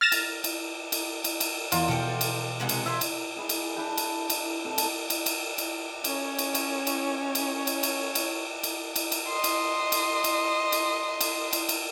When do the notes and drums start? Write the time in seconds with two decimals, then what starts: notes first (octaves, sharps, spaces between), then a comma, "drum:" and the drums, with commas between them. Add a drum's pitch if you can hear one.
0.01 F6 A6 A#6 E7
0.12 drum: cymbal
0.44 drum: cymbal
0.92 drum: cymbal
1.24 drum: cymbal
1.40 drum: cymbal
1.72 E2 A#3 F4, drum: cymbal
1.88 B2 A4 G5 F6
2.21 drum: cymbal
2.60 C3 G#3 F#5
2.69 drum: cymbal
2.86 E3 B4 C5 E5
3.01 drum: cymbal
3.36 E4 G#4
3.49 drum: cymbal
3.76 D4 E4 G4 G5
3.98 drum: cymbal
4.30 drum: cymbal
4.65 C3 A4
4.78 drum: cymbal
5.10 drum: cymbal
5.26 drum: cymbal
5.58 drum: cymbal
6.04 C#4 C#5, drum: cymbal
6.39 drum: cymbal
6.55 drum: cymbal
6.87 drum: cymbal
7.35 drum: cymbal
7.67 drum: cymbal
7.83 drum: cymbal
8.15 drum: cymbal
8.63 drum: cymbal
8.96 drum: cymbal
9.12 drum: cymbal
9.28 D#5 C6
9.44 drum: cymbal
9.92 drum: cymbal
10.24 drum: cymbal
10.72 drum: cymbal
11.21 drum: cymbal
11.53 drum: cymbal
11.69 drum: cymbal